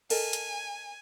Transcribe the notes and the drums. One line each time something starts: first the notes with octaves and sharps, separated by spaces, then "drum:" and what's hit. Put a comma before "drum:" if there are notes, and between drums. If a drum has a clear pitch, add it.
A4 A#4 D#5 G#5, drum: cymbal
drum: hi-hat